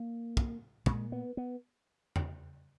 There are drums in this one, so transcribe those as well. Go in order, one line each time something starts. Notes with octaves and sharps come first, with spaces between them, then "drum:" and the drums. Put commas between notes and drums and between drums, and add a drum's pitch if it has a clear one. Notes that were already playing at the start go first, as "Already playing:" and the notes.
Already playing: A#3
drum: kick
A#2 G#3, drum: kick
B3
B3
drum: tom E2